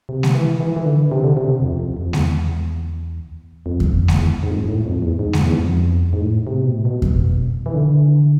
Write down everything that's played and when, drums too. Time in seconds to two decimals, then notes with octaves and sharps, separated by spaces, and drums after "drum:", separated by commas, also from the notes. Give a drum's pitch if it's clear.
0.09 C3
0.23 drum: snare G#3
0.34 E3
0.60 E3
0.76 E3
0.85 D3
1.12 C3
1.24 D3
1.37 C3
1.49 C3
1.62 F2
1.80 F2
1.97 F2
2.13 E2, drum: snare G#3
3.66 F2
3.80 E2, drum: kick F2
3.93 F2
4.08 drum: snare G#3
4.18 E2
4.43 G#2
4.50 F2
4.58 G#2
4.69 A2
4.86 F2
5.02 E2
5.19 G#2
5.33 F2, drum: snare G#3
5.47 E2
5.61 F2
6.13 G#2
6.21 A2
6.47 C3
6.60 B2
6.73 A2
6.85 B2
7.02 drum: kick F2
7.66 E3
7.75 D3